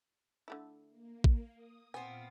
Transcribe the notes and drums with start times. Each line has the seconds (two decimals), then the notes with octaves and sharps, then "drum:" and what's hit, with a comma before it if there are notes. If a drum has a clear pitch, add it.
0.48 D3 A3 E4
0.90 A#3
1.24 drum: kick
1.55 D#6
1.94 A#2 B3 C4 F5 G#5 A6